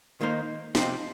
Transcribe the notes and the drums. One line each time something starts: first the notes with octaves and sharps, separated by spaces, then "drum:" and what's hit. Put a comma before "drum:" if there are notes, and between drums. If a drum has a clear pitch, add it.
D#3 A#3 D#4 C5
C3 F3 C4 D#4, drum: snare